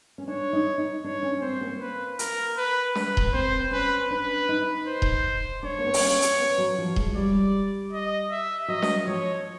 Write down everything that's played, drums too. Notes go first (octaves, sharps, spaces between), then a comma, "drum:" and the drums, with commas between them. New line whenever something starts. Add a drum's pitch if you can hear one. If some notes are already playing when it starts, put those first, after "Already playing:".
C#4
D4 C#5
D#4
D#4
D4 C#5
C#4
C4 C5
A#3
B4
A#4, drum: hi-hat
B4
B4, drum: snare
drum: kick D#1
C4 C5
C#4 B4
D4 B4
D#4
C5
drum: kick D#1
D4 C#5
A#3
B3
C4, drum: open hi-hat
C#4
drum: hi-hat
B3
F#3
F3
G#3, drum: kick D#1
G3 D5
D#5
E5
F#3 D#5
drum: snare
F3 C#5